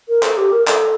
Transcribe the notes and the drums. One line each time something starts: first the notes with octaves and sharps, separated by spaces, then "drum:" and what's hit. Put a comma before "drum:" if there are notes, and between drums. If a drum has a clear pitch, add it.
A#4
A4, drum: clap
G4
A#4
A4, drum: clap